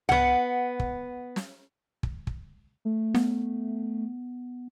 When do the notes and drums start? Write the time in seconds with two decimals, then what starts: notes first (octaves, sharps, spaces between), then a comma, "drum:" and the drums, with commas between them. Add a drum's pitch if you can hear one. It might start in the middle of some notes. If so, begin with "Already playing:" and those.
0.09 B3 F#5, drum: tom C2
0.80 drum: kick
1.36 drum: snare
2.03 drum: kick
2.27 drum: kick
2.85 A3
3.15 B3, drum: snare